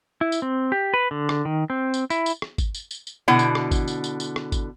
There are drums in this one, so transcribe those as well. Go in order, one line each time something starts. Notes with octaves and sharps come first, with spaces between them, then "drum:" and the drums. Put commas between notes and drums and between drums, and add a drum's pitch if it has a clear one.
E4
drum: tambourine
C4
G4
B4
D3
drum: rim click
D#3
C4
drum: tambourine
E4, drum: tambourine
drum: tambourine
drum: rim click
drum: kick, tambourine
drum: tambourine
drum: tambourine
drum: tambourine
B2 D3 E4 F#5
drum: tambourine
drum: rim click
drum: kick, tambourine
drum: tambourine
drum: tambourine
drum: tambourine
drum: rim click
drum: kick, tambourine